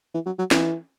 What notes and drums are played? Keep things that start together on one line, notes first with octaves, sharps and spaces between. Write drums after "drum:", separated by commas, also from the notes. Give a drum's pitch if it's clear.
E3
F#3
F#3
E3, drum: snare